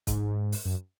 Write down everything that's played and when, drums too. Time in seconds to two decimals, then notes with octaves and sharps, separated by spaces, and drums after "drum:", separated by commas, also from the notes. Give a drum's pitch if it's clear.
0.07 G#2, drum: kick, hi-hat
0.52 drum: open hi-hat
0.65 F#2